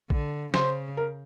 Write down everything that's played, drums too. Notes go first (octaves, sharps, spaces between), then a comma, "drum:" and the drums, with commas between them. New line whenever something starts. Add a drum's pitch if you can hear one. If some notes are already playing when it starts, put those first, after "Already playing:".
D3, drum: kick A#1
C#3 C5, drum: snare
A#4